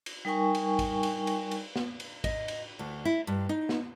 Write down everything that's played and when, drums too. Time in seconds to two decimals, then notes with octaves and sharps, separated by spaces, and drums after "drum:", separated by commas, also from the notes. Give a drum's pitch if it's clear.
0.06 drum: cymbal
0.25 G3 D#4 A#4 G5 G#5 C#6
0.55 drum: cymbal
0.79 drum: kick A1, cymbal
1.03 drum: cymbal
1.27 drum: cymbal
1.51 drum: cymbal
1.76 drum: snare
2.00 drum: cymbal
2.24 D#5, drum: kick A1, cymbal
2.48 drum: cymbal
2.79 D2
3.05 E4
3.27 G2
3.49 D#4
3.69 drum: snare